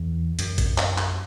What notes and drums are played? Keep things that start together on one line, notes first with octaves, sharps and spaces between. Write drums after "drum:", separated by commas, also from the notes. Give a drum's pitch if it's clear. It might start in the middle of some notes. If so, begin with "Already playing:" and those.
Already playing: E2
F#2, drum: hi-hat
drum: kick, hi-hat
drum: clap
drum: clap